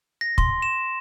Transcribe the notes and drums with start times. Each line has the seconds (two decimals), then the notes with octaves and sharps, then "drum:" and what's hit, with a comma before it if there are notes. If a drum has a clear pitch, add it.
0.21 A#6
0.38 C6, drum: kick
0.62 E7